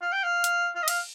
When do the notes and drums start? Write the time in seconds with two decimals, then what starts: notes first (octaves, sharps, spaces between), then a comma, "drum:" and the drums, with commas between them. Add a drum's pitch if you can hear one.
0.02 F5
0.13 G5
0.23 F5
0.44 drum: hi-hat
0.75 F5
0.83 D#5
0.88 F5, drum: cymbal